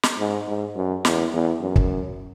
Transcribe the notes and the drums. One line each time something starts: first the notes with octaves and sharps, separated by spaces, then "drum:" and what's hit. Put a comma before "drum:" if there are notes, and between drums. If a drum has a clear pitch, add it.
drum: snare
G#2
G#2
F#2
E2, drum: snare
E2
F#2
drum: kick